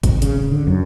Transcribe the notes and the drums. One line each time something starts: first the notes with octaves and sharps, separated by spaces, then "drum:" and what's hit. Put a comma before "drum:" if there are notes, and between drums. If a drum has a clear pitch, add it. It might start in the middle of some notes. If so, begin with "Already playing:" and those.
G#1, drum: kick, hi-hat
C#3, drum: hi-hat
D1
D3
F#2